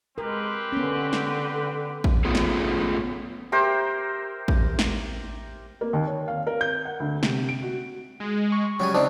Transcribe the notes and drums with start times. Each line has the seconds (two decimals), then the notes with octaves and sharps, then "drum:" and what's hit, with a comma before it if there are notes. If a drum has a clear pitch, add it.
0.18 G#3 C4 G4 A#4 B4
0.72 D3 B3 C#4
1.13 drum: snare
2.04 drum: kick A1
2.25 A3 B3 C#4 F4 G#4
2.35 drum: snare
3.52 G4 A#4 C5 E5
4.48 drum: kick A1
4.79 drum: snare
5.81 A#3
5.93 D#2
6.07 C#5
6.28 F5
6.47 A#4
6.61 G6
6.85 F#5
7.00 D2
7.23 C3, drum: snare
7.49 D7
7.62 F#4
8.20 G#3
8.52 C#6
8.80 C#3 F#3 G3 G#5
8.94 C4 D4 D#4